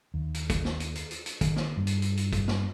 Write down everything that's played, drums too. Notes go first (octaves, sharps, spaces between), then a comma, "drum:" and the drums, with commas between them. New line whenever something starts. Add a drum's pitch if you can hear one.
D#2
drum: hi-hat
drum: kick, hi-hat
drum: snare
drum: hi-hat
drum: hi-hat
drum: hi-hat
drum: hi-hat
D#3, drum: kick, hi-hat
drum: snare
G2
drum: hi-hat
drum: hi-hat
drum: hi-hat
drum: kick, hi-hat
drum: snare